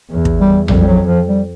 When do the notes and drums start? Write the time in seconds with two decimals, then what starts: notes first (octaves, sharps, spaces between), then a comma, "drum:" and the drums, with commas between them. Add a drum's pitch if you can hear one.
0.11 E2
0.25 drum: kick
0.40 G3
0.68 F2 G3, drum: tom A#1
0.80 G3
0.88 F#3
1.07 F3
1.27 G3